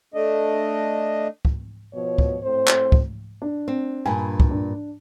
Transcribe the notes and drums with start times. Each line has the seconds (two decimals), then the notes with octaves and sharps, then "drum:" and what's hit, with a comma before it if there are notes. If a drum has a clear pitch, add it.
0.14 A3 D4 D#5
1.45 drum: kick
1.94 B2 F3 C#5
2.18 drum: kick
2.43 A2 C4 C5
2.68 drum: clap
2.92 drum: kick
3.42 D4
3.68 C4
4.06 G2 A#2 G#5 B5
4.40 drum: kick
4.51 D4